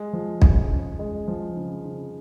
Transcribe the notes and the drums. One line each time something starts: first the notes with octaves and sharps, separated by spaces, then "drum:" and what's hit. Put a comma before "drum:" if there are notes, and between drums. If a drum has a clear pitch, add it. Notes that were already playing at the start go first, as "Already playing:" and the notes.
Already playing: G#3
F3
C#3, drum: kick B1
C#3
G#3
F3
C#3
C#3